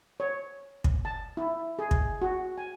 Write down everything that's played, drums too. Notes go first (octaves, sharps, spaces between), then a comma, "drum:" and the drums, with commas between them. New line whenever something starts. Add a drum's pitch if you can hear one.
C#5
drum: kick
A5
E4
G#4
drum: kick
F#4
G#5